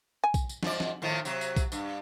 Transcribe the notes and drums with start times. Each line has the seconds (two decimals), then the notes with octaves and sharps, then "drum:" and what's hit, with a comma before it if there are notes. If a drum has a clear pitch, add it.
0.24 G#5
0.34 drum: kick B1, tambourine
0.49 drum: tambourine
0.63 G#2 F3 D5, drum: snare
0.80 drum: snare
1.02 A2 D#3 F3
1.25 C3 F#3, drum: tambourine
1.41 drum: tambourine
1.57 drum: kick B1, tambourine
1.72 G2, drum: tambourine